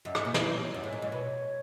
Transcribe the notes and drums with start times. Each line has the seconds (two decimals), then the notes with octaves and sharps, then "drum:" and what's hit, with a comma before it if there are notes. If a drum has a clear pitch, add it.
0.05 F#2 D#5
0.15 G#2, drum: rim click
0.20 D#5
0.25 A#2
0.34 E3 D#5, drum: snare
0.50 C#5
0.63 C#5
0.74 F#2
0.84 G#2
0.93 A#2 D#5
1.02 G#2
1.07 B2 C#5